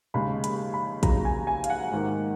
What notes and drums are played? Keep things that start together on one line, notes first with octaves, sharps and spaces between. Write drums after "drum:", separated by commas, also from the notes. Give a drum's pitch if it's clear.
D#2 C#3 G#3 B5
B5, drum: hi-hat
B5
D#2 C#3 F#3 A#5, drum: kick, hi-hat
G#5
G#5
F5, drum: hi-hat
F#5
G#2 D#3 A#3